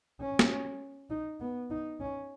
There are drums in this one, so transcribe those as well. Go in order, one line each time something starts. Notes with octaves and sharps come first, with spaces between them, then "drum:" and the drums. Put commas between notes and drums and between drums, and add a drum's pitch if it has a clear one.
C#4
drum: snare
D#4
B3
D#4
C#4